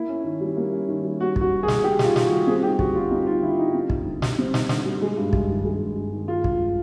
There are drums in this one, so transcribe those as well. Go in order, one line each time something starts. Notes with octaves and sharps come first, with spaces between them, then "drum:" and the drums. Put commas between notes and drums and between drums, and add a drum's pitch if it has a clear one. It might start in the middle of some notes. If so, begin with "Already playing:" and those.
Already playing: A#3 E4
C#4
D#3
G3
A#3
C#4
D#3
G3
A#3 F#4
C#4 F#4, drum: kick
D#3
G#4
G3, drum: snare
A#3 G4
C#4, drum: snare
F4
D#3, drum: snare
F#4
G3
C4 G#4
D#4 G4
D3 F#4, drum: kick
G3 F4
C4 D#4
D#4 F4
D3 E4
G3 D#4
C4
D#4, drum: kick
D3
G3, drum: snare
C4
D#4, drum: snare
D3, drum: snare
G3
G#3
G2
G2, drum: kick
D#3
G#3
G2
G2
D#3
G#3 F4
G2, drum: kick